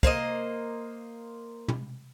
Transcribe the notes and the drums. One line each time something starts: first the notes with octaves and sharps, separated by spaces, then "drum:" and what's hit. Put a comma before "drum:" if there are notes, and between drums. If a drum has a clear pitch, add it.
A#3 C5 D5 D#5, drum: kick
drum: tom